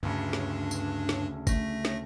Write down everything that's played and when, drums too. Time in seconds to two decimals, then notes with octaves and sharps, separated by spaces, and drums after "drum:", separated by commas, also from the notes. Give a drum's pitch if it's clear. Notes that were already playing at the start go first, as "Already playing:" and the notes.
0.03 D2 G2 C#3 D4
0.33 drum: snare
0.71 drum: tambourine
1.09 drum: snare
1.47 A3 A#6, drum: kick, tambourine
1.85 drum: snare